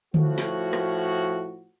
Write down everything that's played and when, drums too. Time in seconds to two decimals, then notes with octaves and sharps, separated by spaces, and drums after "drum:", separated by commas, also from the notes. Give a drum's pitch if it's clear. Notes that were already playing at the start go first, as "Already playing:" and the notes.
0.14 A2 F3 F#4, drum: tom D3
0.38 drum: snare
0.73 drum: rim click